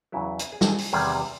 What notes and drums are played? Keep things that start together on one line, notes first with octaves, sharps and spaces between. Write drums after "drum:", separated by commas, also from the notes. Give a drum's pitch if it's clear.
E2 C#3 F#3 E4
drum: hi-hat
G#4
A4, drum: snare
G#4
drum: open hi-hat
E2 C3 D#3 G3 G#4